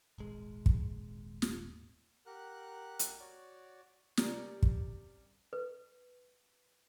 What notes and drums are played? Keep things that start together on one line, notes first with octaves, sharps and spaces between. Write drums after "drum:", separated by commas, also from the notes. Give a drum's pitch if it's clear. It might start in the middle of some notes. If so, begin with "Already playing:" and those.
D#1 G#1 G#3
drum: kick
drum: snare
G4 A#4 F#5 F#6
drum: hi-hat
F#4 C#5 D5
C3 G3 C#4 A#4, drum: snare
drum: kick
B4